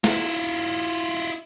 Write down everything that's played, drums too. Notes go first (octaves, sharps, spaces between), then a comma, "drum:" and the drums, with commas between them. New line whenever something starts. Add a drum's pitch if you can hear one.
E4 F4, drum: snare
drum: open hi-hat